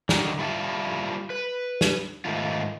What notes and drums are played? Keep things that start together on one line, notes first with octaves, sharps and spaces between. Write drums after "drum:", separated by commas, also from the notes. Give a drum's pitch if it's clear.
D3 D#3, drum: snare
G3 E4 F4 A5
B4
drum: snare
G#2 D#3 A3 F4